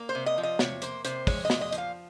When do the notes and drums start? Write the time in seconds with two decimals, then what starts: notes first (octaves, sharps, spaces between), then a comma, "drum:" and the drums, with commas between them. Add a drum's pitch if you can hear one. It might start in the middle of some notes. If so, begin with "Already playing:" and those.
Already playing: A#3
0.09 C5
0.15 C3
0.26 D#5
0.38 F3
0.43 D#5
0.59 C3 C#5, drum: snare
0.82 A#3 C5, drum: hi-hat
1.05 C3 C5, drum: hi-hat
1.27 G#3 C#5, drum: kick, open hi-hat
1.45 D#5
1.50 A#2, drum: snare
1.61 D#5
1.73 F3, drum: hi-hat
1.78 F5